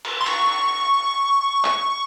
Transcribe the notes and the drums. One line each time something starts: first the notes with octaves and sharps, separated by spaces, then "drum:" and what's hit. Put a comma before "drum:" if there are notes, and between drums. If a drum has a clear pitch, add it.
drum: cymbal
C6
C#6, drum: cymbal
drum: clap